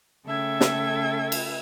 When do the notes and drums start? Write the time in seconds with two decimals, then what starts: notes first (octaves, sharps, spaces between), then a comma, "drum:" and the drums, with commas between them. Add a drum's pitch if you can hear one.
0.25 C#3 A3 A4 E5 G5 G#6
0.61 drum: snare
1.32 drum: cymbal